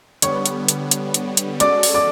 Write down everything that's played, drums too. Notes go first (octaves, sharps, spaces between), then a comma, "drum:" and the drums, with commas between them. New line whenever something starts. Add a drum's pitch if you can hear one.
D3 G3 B3 C#5 C#6, drum: hi-hat
drum: hi-hat
drum: hi-hat
drum: hi-hat
drum: hi-hat
drum: hi-hat
G#3 C#4 F#4 A4 D5 D6, drum: hi-hat
drum: open hi-hat
D5 D6